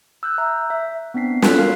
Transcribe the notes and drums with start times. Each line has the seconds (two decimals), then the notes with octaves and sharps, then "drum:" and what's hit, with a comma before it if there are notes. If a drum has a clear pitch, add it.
0.23 E6 F#6 G6
0.38 E5 A#5 E6 F#6
0.70 E5
1.14 B3 C4 D4 B6 C7
1.42 F4 F#4 C#5 F#6 B6, drum: snare
1.58 A#4 F5 C7